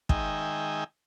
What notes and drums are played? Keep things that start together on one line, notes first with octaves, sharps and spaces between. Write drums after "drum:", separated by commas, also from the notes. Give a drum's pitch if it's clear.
D#3 G#3 D#4 E5 G5 G#5, drum: kick